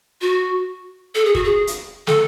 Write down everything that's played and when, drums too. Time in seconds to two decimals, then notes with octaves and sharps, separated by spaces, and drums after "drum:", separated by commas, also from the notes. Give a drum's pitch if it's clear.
0.21 F#4
1.15 A4
1.25 G#4
1.35 F#4, drum: kick E1
1.44 G#4
1.67 drum: hi-hat
2.07 A4, drum: snare